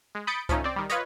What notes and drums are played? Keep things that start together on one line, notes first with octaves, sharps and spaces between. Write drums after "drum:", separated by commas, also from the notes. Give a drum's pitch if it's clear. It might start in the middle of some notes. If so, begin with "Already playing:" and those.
G#3
B5 D#6 G6 A6 C#7 D7
F3 A3 C#4 D#4, drum: kick C2, hi-hat
C4 D5
D#3 G3
F4 B4 C#5 D#5, drum: hi-hat